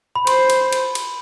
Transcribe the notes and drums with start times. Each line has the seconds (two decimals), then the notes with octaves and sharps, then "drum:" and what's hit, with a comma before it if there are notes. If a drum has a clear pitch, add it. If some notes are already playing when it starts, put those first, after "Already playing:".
0.16 B5
0.27 C5 C6, drum: cymbal
0.50 drum: cymbal
0.72 drum: cymbal
0.95 drum: cymbal